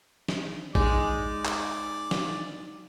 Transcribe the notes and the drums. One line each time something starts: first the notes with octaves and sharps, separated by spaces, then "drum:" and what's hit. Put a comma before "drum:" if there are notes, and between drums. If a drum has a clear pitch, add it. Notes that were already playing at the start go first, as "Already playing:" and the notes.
drum: snare
G#3 D#4 D5, drum: kick
drum: clap
drum: snare